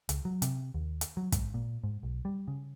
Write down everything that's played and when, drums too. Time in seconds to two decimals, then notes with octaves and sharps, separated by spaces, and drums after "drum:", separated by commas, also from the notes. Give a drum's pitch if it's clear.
0.09 C#2, drum: hi-hat
0.25 F#3
0.42 C3, drum: hi-hat
0.74 D#2
1.01 drum: hi-hat
1.17 F#3
1.32 G#2, drum: kick, hi-hat
1.54 A#2
1.84 G#2
2.03 B1
2.25 G3
2.48 C#3